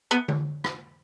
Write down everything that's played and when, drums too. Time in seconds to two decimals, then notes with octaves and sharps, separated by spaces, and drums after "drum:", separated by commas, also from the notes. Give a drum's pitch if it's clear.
0.11 B3
0.28 drum: tom D3
0.64 drum: rim click